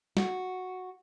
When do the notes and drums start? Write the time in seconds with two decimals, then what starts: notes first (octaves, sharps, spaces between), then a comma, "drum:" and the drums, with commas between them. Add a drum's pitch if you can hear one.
0.17 F#4, drum: snare